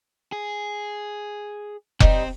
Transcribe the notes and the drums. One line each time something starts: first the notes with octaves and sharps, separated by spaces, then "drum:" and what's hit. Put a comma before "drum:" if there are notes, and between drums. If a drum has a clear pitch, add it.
G#4
G3 C4 D#4, drum: kick F1